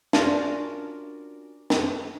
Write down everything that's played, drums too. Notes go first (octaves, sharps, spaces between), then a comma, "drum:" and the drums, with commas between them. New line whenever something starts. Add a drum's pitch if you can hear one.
C#4 D4 F4 F#4 A#4, drum: snare
drum: snare